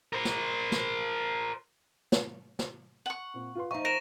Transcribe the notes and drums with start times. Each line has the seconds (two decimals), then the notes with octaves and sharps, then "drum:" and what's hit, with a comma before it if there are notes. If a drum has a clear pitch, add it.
0.13 A#4 C5
0.25 drum: snare
0.72 drum: snare
2.12 drum: snare
2.59 drum: snare
3.06 F#5 C#6
3.34 A#2 C4
3.55 F4 B4 C6
3.71 F3 D#4 E5 F5 A#5 C#6
3.85 A#4 A#6 E7